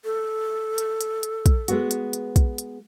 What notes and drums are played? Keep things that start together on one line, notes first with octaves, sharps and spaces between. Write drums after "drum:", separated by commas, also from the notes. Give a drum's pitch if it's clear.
A4
drum: hi-hat
drum: hi-hat
drum: hi-hat
drum: kick, hi-hat
G#3 B3 F#4, drum: hi-hat
drum: hi-hat
drum: hi-hat
drum: kick, hi-hat
drum: hi-hat